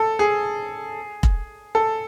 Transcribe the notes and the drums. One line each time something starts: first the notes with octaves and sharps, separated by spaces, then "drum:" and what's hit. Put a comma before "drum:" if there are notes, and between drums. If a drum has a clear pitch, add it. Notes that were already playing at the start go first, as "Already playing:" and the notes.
Already playing: A4
G#4
drum: kick
A4